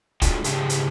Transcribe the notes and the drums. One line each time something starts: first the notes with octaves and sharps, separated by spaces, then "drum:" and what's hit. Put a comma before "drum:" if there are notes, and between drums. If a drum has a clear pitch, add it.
G#3 D4 F4 F#4 A4 G5, drum: kick, hi-hat
G#2 C#3 G4 A5, drum: hi-hat
drum: hi-hat